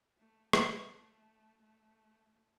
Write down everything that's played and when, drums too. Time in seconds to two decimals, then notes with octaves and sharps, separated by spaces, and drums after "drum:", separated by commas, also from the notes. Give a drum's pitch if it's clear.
0.17 A3
0.53 G3, drum: rim click
0.90 A3
1.61 A3